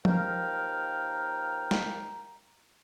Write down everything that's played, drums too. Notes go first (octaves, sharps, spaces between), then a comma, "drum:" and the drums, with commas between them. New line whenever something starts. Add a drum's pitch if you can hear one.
D#2 F3 A#4 F5 G5 A#5, drum: tom F3
drum: snare